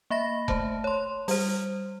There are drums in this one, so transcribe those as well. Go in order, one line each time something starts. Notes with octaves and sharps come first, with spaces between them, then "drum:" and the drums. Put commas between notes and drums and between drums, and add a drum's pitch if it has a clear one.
A#3 E5 B5 A#6
A3 C5 A5, drum: kick F1
C#5 C6
G3 C5, drum: open hi-hat